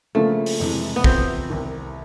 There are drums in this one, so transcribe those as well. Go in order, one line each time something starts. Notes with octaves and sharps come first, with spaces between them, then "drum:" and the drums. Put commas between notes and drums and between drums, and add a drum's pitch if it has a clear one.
C#3 F3 A3 A#3 D4 F4
drum: open hi-hat
F2 C3 E3 G#3
B3
E2 C3 F3 C4, drum: kick
C2 C3 D#3